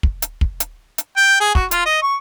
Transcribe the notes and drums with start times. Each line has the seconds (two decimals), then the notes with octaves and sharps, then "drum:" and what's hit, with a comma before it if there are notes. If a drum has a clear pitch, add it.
0.03 drum: kick
0.22 drum: hi-hat
0.41 drum: kick
0.60 drum: hi-hat
0.98 drum: hi-hat
1.17 G5
1.40 G#4
1.55 F#4, drum: kick
1.71 F4, drum: hi-hat
1.86 D#5
2.02 C#6